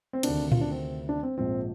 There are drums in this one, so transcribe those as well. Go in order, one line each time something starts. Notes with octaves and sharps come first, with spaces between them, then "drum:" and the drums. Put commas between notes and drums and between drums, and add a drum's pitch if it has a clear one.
C4
D2 C3 D#3 D4, drum: cymbal
F4, drum: tom A#2
D4
C4
D4
C4
A#1 G#2 F3 C4